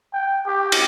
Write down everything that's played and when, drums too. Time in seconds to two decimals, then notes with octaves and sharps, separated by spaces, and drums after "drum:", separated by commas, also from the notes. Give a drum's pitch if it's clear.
0.13 G5
0.47 G4
0.72 drum: cymbal